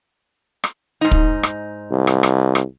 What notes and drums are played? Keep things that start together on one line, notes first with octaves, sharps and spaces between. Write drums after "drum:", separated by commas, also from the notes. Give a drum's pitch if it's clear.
drum: rim click
G#2 D#4
drum: kick
drum: rim click
C2
drum: rim click
drum: rim click
drum: rim click